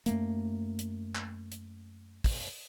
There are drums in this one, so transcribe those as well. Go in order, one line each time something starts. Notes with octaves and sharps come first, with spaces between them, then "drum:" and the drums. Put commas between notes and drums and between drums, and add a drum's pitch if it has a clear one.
F#2 A3 A#3, drum: hi-hat
drum: hi-hat
drum: clap
drum: hi-hat
drum: kick, open hi-hat